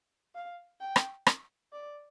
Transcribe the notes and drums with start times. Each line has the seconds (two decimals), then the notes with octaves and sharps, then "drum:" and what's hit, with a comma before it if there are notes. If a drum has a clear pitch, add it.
0.35 F5
0.80 G5
0.96 drum: rim click
1.27 drum: rim click
1.72 D5